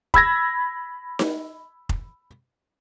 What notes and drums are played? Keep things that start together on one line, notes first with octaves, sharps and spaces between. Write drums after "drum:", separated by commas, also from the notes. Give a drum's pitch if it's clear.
B5 E6 G#6 A#6, drum: kick F1
drum: snare D#4
drum: kick F1